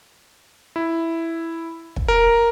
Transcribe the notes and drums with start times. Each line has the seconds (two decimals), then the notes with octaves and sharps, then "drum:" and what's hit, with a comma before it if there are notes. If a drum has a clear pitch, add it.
0.76 E4
1.96 drum: kick
2.08 A#4